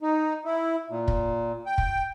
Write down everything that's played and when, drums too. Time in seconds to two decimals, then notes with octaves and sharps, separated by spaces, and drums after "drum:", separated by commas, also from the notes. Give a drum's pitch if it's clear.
0.01 D#4
0.45 E4
0.90 A#2
1.08 drum: kick
1.66 G5
1.78 drum: kick